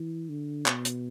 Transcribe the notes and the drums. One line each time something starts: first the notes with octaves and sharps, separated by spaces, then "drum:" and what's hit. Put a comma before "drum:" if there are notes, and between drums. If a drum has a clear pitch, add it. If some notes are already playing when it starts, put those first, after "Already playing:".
Already playing: E3
D3
B2, drum: clap
drum: hi-hat